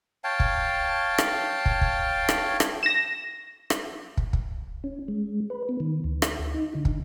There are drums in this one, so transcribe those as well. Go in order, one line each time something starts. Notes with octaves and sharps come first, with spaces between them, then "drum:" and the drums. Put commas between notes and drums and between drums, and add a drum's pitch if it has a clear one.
C#5 F5 G5 A5
drum: kick
drum: rim click
drum: kick
drum: kick
drum: rim click
drum: rim click
A#6 E7
drum: rim click
drum: kick
drum: kick
C#4
G#3
B4
B3
D#3
D2
drum: rim click
D#4
D3
drum: kick